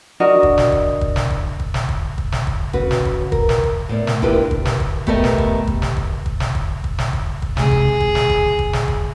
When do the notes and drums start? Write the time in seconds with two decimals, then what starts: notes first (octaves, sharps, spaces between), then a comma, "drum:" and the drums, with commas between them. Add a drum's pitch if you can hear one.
0.20 D4 F#4 A#4 D#5
0.43 drum: kick
0.58 drum: snare
0.72 drum: kick
1.01 drum: kick
1.16 drum: snare
1.30 drum: kick
1.59 drum: kick
1.74 drum: snare
1.89 drum: kick
2.18 drum: kick
2.32 drum: snare
2.47 drum: kick
2.73 C#3 F#4 B4, drum: kick
2.91 drum: snare
3.05 drum: kick
3.32 A#4, drum: kick
3.49 drum: snare
3.63 drum: kick
3.89 A2 B3 A#4 D5
4.07 drum: snare
4.22 D4 E4 F4 G4 A#4 B4, drum: kick
4.51 drum: kick
4.65 drum: snare
4.80 drum: kick
5.07 A3 B3 G4 A4 A#4 D#5, drum: kick
5.24 drum: snare
5.38 drum: kick
5.67 drum: kick
5.82 drum: snare
5.96 drum: kick
6.26 drum: kick
6.40 drum: snare
6.55 drum: kick
6.84 drum: kick
6.98 drum: snare
7.13 drum: kick
7.42 drum: kick
7.57 C3 G#3 G#4, drum: snare
7.71 drum: kick
8.00 drum: kick
8.15 drum: snare
8.30 drum: kick
8.59 drum: kick
8.73 drum: snare
8.88 drum: kick